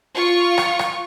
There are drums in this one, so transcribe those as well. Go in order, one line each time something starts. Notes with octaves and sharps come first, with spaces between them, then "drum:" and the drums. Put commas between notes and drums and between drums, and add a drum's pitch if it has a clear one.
F4 C#6
drum: rim click
drum: rim click